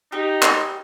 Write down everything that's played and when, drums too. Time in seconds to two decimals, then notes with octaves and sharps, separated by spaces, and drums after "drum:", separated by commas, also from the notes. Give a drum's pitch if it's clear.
0.12 D#4 G4
0.42 drum: clap